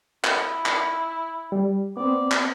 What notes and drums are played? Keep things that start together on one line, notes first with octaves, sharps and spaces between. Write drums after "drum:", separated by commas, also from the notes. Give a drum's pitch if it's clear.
E4, drum: clap
drum: clap
G3
B3 C4 D5
drum: clap